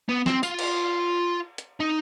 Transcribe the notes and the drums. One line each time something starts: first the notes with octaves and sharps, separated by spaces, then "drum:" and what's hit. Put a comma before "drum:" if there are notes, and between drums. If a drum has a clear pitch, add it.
B3
C4, drum: snare
F4, drum: tambourine
drum: cymbal
drum: hi-hat
D#4